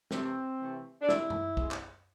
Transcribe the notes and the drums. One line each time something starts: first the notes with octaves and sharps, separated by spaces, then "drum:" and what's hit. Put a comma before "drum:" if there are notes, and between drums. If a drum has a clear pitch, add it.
C3 E3 A3 C4, drum: snare
C3 E3 A3
D4
C3 G#3 E4, drum: snare
drum: tom F#2
C3 G#3, drum: kick
drum: clap